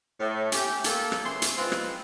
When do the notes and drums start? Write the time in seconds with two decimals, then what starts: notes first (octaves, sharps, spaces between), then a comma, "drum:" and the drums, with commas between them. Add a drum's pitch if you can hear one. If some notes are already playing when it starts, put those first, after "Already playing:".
0.20 A2
0.52 C#4 E4 G4, drum: hi-hat
0.84 A#3 A4, drum: hi-hat
1.12 drum: rim click
1.24 C#3 E3 C6
1.42 drum: hi-hat
1.56 G#3 B3 C4 E4 F4
1.72 drum: rim click